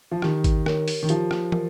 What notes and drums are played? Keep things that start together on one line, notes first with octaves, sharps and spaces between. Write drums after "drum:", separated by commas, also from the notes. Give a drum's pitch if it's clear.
F3
D#3 G4, drum: rim click
drum: kick G#1, hi-hat
A#4 C#5, drum: rim click
drum: open hi-hat
D#3
F3 G4, drum: hi-hat
drum: rim click
A#4, drum: tom